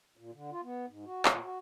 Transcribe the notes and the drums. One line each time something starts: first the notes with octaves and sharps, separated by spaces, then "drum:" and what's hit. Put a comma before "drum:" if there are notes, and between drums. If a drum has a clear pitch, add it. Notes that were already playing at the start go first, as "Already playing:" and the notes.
A#2
D3
F4
B3
G#2
F#4
A#2, drum: clap
F#4